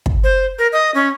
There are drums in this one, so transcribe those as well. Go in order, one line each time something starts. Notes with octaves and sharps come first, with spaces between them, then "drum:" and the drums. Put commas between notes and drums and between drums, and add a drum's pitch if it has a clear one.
drum: kick
C5
A#4
D#5
C#4